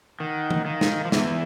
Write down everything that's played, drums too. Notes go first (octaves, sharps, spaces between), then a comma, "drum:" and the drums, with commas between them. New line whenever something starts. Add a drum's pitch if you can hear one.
D#3 F#5
drum: tom
D#3 F5
drum: snare
F3
E2 E3 E5, drum: snare